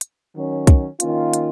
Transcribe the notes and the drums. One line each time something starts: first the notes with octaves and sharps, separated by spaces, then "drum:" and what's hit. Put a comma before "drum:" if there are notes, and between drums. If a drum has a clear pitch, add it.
drum: hi-hat
D#3 F#3 C#4
drum: kick, hi-hat
D#3 A#3 C#4 F4, drum: hi-hat
drum: hi-hat